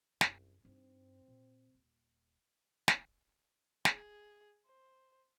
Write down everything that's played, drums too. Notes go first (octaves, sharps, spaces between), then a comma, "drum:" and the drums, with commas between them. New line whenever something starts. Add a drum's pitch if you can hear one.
C2 F#2 C#3, drum: snare
G2 C4 D#4
A#2
D#1
drum: snare
G#4, drum: snare
C5